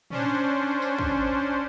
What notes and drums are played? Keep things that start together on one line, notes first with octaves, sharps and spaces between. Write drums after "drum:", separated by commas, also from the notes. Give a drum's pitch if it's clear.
C#4 D4 C5, drum: tom
drum: tambourine
drum: kick